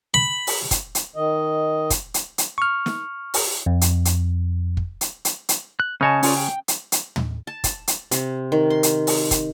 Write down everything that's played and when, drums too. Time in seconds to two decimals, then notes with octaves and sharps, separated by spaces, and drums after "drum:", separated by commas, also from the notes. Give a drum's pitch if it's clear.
0.14 B5
0.47 drum: open hi-hat
0.71 drum: kick, hi-hat
0.95 drum: hi-hat
1.16 D#3 D#5
1.90 drum: kick, hi-hat
2.14 drum: hi-hat
2.38 drum: hi-hat
2.58 C#6 F6
2.86 drum: snare
3.34 drum: open hi-hat
3.66 F2
3.81 drum: hi-hat
4.05 drum: hi-hat
4.77 drum: kick
5.01 drum: hi-hat
5.25 drum: hi-hat
5.49 drum: hi-hat
5.80 F#6
6.01 C#3 C#4 C#5 D#5 A5
6.23 C#4 F4 D5, drum: open hi-hat
6.37 G5
6.68 drum: hi-hat
6.92 drum: hi-hat
7.16 drum: tom
7.47 A5
7.64 drum: kick, hi-hat
7.88 drum: hi-hat
8.11 C3, drum: hi-hat
8.52 D#3
8.70 C6
8.83 drum: hi-hat
9.07 drum: open hi-hat
9.31 drum: kick, hi-hat